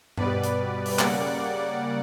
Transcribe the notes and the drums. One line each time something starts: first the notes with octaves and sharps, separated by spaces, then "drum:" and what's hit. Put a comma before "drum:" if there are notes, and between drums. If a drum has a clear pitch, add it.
B2 G3 B3 B4 D5, drum: tom G2
drum: hi-hat
drum: open hi-hat
C#3 G3 A#3 D5 F#5, drum: clap